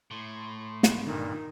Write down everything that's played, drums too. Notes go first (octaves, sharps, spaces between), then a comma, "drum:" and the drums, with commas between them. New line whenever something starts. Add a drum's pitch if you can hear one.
A2 C6
drum: snare
G2 A#2 D3 D#3